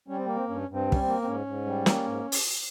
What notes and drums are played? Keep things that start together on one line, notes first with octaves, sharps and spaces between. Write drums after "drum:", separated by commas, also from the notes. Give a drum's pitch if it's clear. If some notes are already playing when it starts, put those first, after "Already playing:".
G3 C#4
C4
A#3
C4
G2 C#4
G2
C4
G3
C#4, drum: kick
C4
A#3
C4
G#2 C#4
G#2
G3
A#3, drum: snare
G#2
drum: open hi-hat